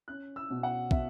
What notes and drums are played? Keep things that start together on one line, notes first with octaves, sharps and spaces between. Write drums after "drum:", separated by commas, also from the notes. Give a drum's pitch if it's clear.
C#4 F#6
E6
B2
F#5
B2 E5, drum: kick